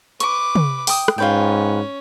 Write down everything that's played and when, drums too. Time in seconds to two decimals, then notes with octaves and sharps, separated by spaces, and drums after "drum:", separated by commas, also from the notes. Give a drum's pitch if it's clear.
0.20 B4 C#6 D6, drum: hi-hat
0.55 drum: tom
0.87 G5 D#6, drum: open hi-hat
1.08 drum: rim click
1.18 G#2 C#4 F4 B4 G5